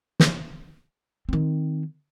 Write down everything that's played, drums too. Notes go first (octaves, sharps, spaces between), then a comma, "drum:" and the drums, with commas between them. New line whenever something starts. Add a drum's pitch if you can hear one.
drum: snare
D#3 C4